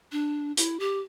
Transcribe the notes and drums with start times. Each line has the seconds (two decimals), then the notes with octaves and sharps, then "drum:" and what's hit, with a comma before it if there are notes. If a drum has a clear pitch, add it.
0.12 D4
0.57 E4, drum: hi-hat
0.80 G4